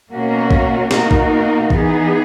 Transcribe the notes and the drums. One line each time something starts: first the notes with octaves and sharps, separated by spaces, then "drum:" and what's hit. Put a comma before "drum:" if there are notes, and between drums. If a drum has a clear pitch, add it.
B2 A#3 C#4 F#4 A#4
drum: kick
B2 A#3 D#4 F#4 A#4, drum: snare
drum: kick
E3 B3 D#4 G#4, drum: kick